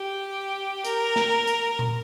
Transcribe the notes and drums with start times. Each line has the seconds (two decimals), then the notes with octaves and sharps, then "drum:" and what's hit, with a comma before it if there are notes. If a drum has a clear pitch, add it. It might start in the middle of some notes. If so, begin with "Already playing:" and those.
Already playing: G4
0.85 A#4, drum: hi-hat
1.16 drum: snare
1.47 drum: hi-hat
1.79 drum: tom A#2